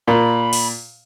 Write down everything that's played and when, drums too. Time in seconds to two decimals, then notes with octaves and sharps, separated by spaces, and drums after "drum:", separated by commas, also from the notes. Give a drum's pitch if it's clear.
0.08 A#2 B5
0.53 drum: open hi-hat